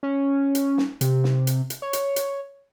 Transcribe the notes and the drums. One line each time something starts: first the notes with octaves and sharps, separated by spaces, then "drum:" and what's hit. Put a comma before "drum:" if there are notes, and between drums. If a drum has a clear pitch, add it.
C#4
drum: hi-hat
drum: snare
C3, drum: hi-hat
drum: snare
drum: hi-hat
drum: hi-hat
C#5
drum: hi-hat
drum: hi-hat